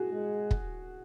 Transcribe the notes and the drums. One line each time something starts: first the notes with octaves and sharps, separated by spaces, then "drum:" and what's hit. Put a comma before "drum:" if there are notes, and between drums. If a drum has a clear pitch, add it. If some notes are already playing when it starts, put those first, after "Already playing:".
Already playing: F#4 G#4
G#3
drum: kick